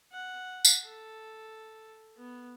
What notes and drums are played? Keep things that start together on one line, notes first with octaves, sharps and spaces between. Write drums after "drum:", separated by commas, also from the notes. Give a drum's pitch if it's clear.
F#5
drum: tambourine
A4
B3